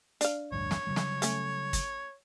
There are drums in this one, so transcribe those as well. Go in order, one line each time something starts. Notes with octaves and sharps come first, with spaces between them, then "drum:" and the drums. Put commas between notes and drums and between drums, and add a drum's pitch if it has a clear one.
D4 F5, drum: hi-hat
A1 D2 G2 C#5
drum: snare
C#3 F#3 G3
drum: snare
A3 C#4, drum: hi-hat
drum: kick, hi-hat